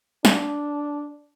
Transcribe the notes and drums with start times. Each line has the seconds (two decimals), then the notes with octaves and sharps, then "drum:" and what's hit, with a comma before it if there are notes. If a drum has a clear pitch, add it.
0.25 D4, drum: snare